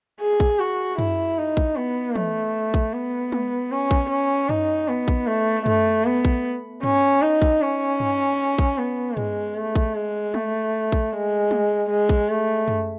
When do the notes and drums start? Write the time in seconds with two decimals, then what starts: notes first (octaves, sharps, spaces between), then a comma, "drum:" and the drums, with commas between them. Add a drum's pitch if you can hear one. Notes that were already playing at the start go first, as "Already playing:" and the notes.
0.21 G#4
0.40 drum: kick A#1
0.59 F#4
0.99 E4, drum: tom F#2
1.38 D#4
1.57 drum: kick A#1
1.76 B3
2.15 A3, drum: tom E3
2.74 drum: kick A#1
2.93 B3
3.32 drum: tom G#3
3.71 C#4
3.91 drum: kick A#1
4.10 C#4
4.49 D#4, drum: tom F#2
4.88 B3
5.08 drum: kick A#1
5.27 A3
5.66 A3, drum: tom F#2
6.05 B3
6.25 drum: kick A#1
6.83 C#4, drum: tom G2
7.22 D#4
7.42 drum: kick A#1
7.61 C#4
8.00 drum: tom G2
8.59 drum: kick A#1
8.78 B3
9.17 G#3, drum: tom G2
9.56 A3
9.75 drum: kick A#1
9.95 G#3
10.34 A3, drum: tom G#3
10.92 drum: kick A#1
11.12 G#3
11.51 drum: tom G#3
11.90 G#3
12.09 drum: kick A#1
12.29 A3
12.68 drum: tom F#2